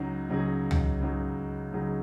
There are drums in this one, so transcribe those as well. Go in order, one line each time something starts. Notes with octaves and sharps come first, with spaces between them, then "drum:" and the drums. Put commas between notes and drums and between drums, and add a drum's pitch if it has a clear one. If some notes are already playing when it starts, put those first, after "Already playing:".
Already playing: C#2 C#3 F#3 D#4 G#4
C#2 C#3 F#3 D#4 G#4
drum: tom
C#2 C#3 F#3 D#4 G#4
C#2 C#3 F#3 D#4 G#4